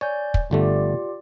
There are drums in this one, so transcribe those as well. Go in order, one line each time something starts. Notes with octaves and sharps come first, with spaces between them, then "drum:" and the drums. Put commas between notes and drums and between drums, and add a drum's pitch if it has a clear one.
C#5 D5 G#5 G6
drum: kick
G1 D3 A3 F4 G4 D5